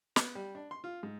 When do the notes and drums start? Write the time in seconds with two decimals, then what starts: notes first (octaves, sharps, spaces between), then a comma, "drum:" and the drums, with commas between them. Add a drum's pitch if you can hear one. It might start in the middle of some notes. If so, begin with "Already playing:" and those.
0.16 B3, drum: snare
0.35 G3
0.55 D4
0.71 C6
0.84 F4
1.03 G#2